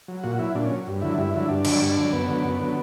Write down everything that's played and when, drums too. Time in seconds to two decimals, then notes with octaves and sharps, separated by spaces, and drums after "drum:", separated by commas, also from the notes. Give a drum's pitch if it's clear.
0.08 F#3
0.23 A#2 F#4
0.39 F#3 E4
0.55 A#2 D4
0.66 C#4
0.71 F#3
0.87 G2
1.02 D3 F#3 E4
1.18 G2 E4
1.34 D3 F#3 E4
1.49 G2 D4
1.65 D3 F#3, drum: cymbal
1.82 G2
1.97 D3 F#3
2.13 F#2 B3
2.28 D3 F#3
2.44 F#2
2.60 D3 F#3